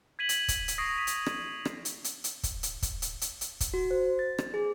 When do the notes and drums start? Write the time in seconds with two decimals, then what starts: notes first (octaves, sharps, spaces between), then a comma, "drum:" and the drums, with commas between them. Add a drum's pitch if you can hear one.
0.19 G#6 B6 D#7 F#7
0.29 drum: hi-hat
0.48 drum: kick, hi-hat
0.68 drum: hi-hat
0.78 C#6 D#6 A#6 C7 D7
0.94 A#6 B6 D#7
1.07 drum: hi-hat
1.26 drum: rim click
1.65 drum: rim click
1.85 drum: hi-hat
2.04 drum: hi-hat
2.24 drum: hi-hat
2.43 drum: kick, hi-hat
2.63 drum: hi-hat
2.82 drum: kick, hi-hat
3.02 drum: hi-hat
3.21 drum: hi-hat
3.41 drum: hi-hat
3.60 drum: kick, hi-hat
3.74 F#4
3.91 C5
4.19 A6
4.38 drum: rim click
4.54 G#4